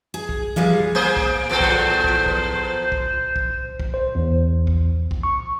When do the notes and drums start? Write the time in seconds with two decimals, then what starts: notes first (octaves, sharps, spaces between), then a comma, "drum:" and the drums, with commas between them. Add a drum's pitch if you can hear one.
0.14 G#4
0.29 drum: kick
0.56 F3 G3 G#3 G#4
0.95 A#3 G#4 C5
1.17 drum: kick
1.50 E2 F3 A4 C5
1.60 drum: kick
2.04 drum: kick
2.26 drum: kick
2.92 drum: kick
3.36 drum: kick
3.80 drum: kick
3.94 C5
4.15 E2
4.67 drum: kick
5.11 drum: kick
5.23 C#6